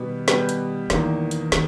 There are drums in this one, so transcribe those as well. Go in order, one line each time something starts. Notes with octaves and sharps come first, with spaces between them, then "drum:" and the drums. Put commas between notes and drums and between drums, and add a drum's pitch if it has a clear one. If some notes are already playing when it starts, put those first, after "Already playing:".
Already playing: B2 D#3 G3 B3 G4 B4
B2 G3 B3 G4 B4, drum: snare
drum: hi-hat
E2 D#3 E3 A#3, drum: snare
drum: hi-hat
D#3, drum: snare